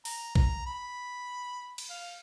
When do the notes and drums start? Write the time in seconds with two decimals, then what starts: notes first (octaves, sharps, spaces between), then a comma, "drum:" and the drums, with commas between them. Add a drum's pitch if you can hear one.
0.05 A#5, drum: open hi-hat
0.35 A#5, drum: kick A#1
0.66 B5
1.78 drum: cymbal
1.90 F5